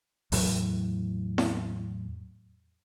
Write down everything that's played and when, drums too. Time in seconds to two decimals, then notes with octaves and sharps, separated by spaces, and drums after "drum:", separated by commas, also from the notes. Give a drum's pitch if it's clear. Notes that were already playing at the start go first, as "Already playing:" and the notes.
0.32 E2 A2 F#3, drum: open hi-hat
1.38 drum: snare E4